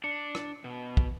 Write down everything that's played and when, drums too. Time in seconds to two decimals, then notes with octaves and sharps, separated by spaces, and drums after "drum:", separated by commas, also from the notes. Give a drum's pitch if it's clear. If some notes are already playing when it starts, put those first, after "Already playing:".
0.04 D4 D5 C#7
0.35 drum: rim click
0.64 B2
0.97 drum: kick